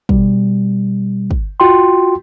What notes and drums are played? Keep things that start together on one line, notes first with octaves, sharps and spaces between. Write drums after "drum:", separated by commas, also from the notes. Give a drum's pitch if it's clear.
B2 G3, drum: kick
drum: kick
F4 F#4 G5 C6